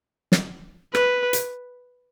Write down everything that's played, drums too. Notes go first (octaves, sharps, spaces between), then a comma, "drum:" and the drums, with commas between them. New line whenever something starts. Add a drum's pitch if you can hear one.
drum: snare
B4, drum: rim click
drum: hi-hat